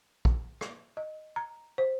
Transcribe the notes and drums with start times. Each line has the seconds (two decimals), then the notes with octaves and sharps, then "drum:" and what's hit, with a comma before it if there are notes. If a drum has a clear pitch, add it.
0.25 drum: kick
0.61 drum: rim click
0.97 D#5
1.36 A#5
1.78 C5